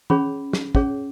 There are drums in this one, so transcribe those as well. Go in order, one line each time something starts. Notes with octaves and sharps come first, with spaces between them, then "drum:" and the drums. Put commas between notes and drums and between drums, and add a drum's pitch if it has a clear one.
C#4 G#4 C#5 B5, drum: tom E3
drum: snare
C#4 G#4 C#5, drum: kick